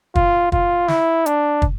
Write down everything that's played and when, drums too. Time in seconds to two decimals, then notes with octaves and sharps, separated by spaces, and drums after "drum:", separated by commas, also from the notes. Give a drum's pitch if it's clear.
0.15 F4, drum: kick
0.52 F4, drum: kick
0.88 E4, drum: snare
1.26 D4, drum: hi-hat
1.62 drum: kick